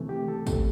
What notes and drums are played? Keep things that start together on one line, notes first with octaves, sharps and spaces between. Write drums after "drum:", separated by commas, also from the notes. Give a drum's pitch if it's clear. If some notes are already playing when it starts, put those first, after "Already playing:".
Already playing: C2 C3 E3 A3
G4
A4
drum: kick, tambourine